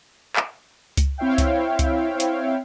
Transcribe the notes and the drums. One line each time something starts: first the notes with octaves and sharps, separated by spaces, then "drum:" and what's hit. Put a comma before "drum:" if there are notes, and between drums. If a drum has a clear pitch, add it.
drum: clap
drum: kick C#2, hi-hat
C4 E4 C#5 E5 F5 G5
drum: kick C#2, hi-hat
drum: kick C#2, hi-hat
drum: hi-hat